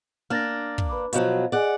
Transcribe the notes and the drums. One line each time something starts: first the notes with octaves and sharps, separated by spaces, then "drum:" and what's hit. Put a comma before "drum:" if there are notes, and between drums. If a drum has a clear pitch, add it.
A#3 D4 F6 A6 A#6
drum: kick
B4 B5 D6
B2 F3 F#3 C5 D#5 F5, drum: hi-hat
G#4 D5 D#5 F#5 G#5